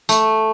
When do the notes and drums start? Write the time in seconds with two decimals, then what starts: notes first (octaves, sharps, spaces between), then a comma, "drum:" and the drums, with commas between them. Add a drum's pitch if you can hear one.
0.09 A3, drum: tambourine